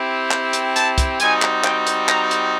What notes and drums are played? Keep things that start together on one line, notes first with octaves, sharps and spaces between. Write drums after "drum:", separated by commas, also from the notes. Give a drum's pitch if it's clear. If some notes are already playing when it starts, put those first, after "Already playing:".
Already playing: C4 E4 G4
drum: clap
drum: hi-hat
A5, drum: hi-hat
drum: kick, hi-hat
G3 C4 D#4 F#4 G#5, drum: hi-hat
drum: clap
G5, drum: clap
drum: hi-hat
A#5, drum: clap
drum: hi-hat